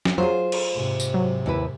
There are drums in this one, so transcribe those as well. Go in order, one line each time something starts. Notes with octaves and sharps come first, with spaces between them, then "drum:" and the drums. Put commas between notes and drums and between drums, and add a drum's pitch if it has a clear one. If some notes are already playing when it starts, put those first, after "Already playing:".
drum: snare
F#3 F4 G#4 C5
drum: cymbal
G#2 C3
drum: tambourine
F#3
D#2 E4 B4